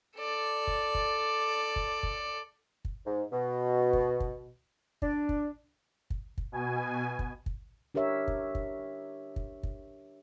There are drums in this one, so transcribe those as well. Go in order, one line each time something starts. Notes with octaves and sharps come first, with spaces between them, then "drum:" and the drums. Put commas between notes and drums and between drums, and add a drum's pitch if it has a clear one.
A4 D5
drum: kick
drum: kick
drum: kick
drum: kick
drum: kick
G#2
B2
drum: kick
drum: kick
D4, drum: kick
drum: kick
drum: kick
drum: kick
B2 G#5
drum: kick
drum: kick
D4 G4 A#4 C#5 E5
drum: kick
drum: kick
drum: kick
drum: kick